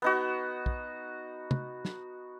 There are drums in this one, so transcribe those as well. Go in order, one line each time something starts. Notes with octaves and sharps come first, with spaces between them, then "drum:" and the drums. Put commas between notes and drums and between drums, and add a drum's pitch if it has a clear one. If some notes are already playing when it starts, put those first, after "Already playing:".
B3 D#4 F#4
drum: kick
drum: tom
drum: snare